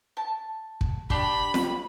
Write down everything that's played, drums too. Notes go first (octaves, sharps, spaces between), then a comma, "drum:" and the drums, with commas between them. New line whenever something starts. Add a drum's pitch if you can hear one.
A5
drum: kick
D4 G4 B5, drum: kick
drum: snare